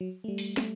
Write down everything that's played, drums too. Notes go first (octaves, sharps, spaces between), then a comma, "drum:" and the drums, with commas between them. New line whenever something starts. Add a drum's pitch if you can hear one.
F#3
A3
G3
drum: open hi-hat
A3, drum: snare